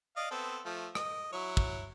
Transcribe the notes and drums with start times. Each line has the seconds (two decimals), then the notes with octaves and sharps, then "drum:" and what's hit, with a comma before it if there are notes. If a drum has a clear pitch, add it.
0.17 D5 D#5 F5
0.31 B3 C4 A4
0.66 F3 A3
0.95 D#5, drum: rim click
1.33 F#3 E4 C#5
1.57 drum: kick